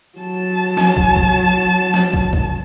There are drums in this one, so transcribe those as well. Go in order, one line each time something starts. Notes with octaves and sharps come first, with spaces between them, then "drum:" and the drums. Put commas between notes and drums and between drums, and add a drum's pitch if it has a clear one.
F#3 A5
drum: snare
drum: kick
drum: kick
drum: snare
drum: kick
drum: kick